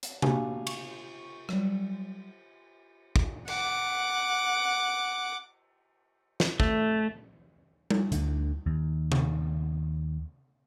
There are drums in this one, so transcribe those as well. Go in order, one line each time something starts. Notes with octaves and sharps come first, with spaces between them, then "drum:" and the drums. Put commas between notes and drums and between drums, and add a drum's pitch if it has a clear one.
drum: hi-hat
A#3 D4 F#4 G4 F5 G#5, drum: tom C3
C#6, drum: cymbal
F#3 G3, drum: rim click
drum: kick
F#5 D6, drum: cymbal
drum: snare
A3, drum: kick
drum: tom G3
D2 D3, drum: hi-hat
D#2
drum: tom C3